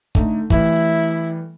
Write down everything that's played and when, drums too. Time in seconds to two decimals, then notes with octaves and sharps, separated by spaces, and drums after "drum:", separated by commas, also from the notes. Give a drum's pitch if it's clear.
0.15 D3 A3 D#4, drum: kick G1
0.50 E3 G3 A3 E4, drum: kick G1